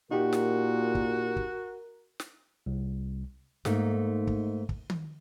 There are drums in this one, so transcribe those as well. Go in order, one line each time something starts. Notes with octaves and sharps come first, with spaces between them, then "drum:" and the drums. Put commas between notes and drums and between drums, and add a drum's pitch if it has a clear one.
A#2 D#4 F#4 G4 A#4
drum: snare
drum: kick
drum: kick
drum: snare
C2
G#2 A3 A#3 D#4, drum: snare
drum: kick
drum: kick
drum: tom D#3